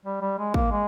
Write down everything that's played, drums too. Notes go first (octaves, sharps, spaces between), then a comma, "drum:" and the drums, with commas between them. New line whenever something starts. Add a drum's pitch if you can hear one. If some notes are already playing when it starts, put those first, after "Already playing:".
G3
G3
G#3
A#3, drum: kick
G#3